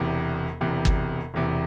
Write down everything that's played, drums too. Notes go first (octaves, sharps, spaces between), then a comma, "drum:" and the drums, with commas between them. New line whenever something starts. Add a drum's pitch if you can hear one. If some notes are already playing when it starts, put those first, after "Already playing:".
Already playing: E1 E2 C3
E1 E2 C3
drum: kick G1
E1 E2 C3